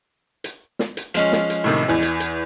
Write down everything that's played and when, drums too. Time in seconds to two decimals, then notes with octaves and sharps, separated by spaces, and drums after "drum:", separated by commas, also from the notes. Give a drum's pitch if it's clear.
0.44 drum: hi-hat
0.79 drum: snare
0.97 drum: hi-hat
1.15 F3 G#3 C#4, drum: hi-hat
1.32 drum: snare
1.50 drum: hi-hat
1.64 A2 C3 D#3
1.88 E2 E3
2.03 drum: hi-hat
2.20 drum: hi-hat